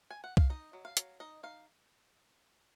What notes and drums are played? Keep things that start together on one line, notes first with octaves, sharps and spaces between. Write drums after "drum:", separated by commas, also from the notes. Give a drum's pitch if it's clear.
G#5
F#5
F5, drum: kick C2
D#4 D#5
F#3
F5
F#3, drum: hi-hat
D#4 D#5
D#4 F5